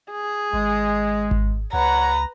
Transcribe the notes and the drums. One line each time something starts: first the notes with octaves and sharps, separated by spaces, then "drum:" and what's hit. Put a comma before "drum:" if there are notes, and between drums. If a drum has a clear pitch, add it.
G#4
G#1 G#3
drum: kick G#1
C#2 B4 C#5 F#5 A#5